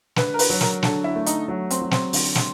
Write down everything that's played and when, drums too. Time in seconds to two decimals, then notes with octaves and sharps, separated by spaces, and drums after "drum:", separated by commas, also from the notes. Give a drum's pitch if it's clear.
0.16 D3 B4, drum: snare
0.34 A#4
0.39 B4, drum: open hi-hat
0.50 F#3
0.61 A#4, drum: snare
0.83 D3 A4, drum: snare
1.04 E4
1.16 A3
1.26 D#4, drum: hi-hat
1.48 F#3
1.70 C4, drum: hi-hat
1.81 F#3
1.91 C4, drum: snare
2.13 D3, drum: open hi-hat
2.35 drum: snare